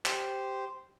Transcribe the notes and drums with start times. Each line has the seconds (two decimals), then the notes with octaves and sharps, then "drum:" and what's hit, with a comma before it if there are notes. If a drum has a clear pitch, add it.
0.05 G4 C5, drum: clap